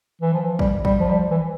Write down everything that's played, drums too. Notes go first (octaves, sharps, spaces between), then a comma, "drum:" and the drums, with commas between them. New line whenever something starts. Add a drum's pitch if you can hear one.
E3
F3
G3, drum: kick
G3, drum: kick
F3
G3
E3